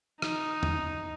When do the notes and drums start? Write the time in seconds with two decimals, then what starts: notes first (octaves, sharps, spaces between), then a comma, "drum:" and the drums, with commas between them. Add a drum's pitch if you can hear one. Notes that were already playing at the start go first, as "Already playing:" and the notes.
0.22 D#4, drum: rim click
0.63 drum: tom